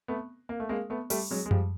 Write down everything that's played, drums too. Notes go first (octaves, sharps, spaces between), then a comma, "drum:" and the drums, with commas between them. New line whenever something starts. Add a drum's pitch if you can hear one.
A3 B3
A#3
A3
G#3 A#3
A3 B3
G3 A3, drum: open hi-hat
F#3 G#3
G#3
F3 G3, drum: tom F#2